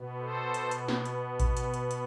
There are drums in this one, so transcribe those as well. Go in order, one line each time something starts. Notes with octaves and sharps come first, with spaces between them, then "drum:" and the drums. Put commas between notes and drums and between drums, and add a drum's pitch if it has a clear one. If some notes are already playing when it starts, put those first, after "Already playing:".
Already playing: B2 B3
A4 C5
drum: hi-hat
drum: hi-hat
drum: snare
drum: hi-hat
drum: kick A1, hi-hat
drum: hi-hat
drum: hi-hat
drum: hi-hat